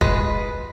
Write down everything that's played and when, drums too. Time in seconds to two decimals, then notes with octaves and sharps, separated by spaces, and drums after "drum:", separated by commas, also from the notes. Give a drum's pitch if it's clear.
0.01 G#3 B4, drum: kick F1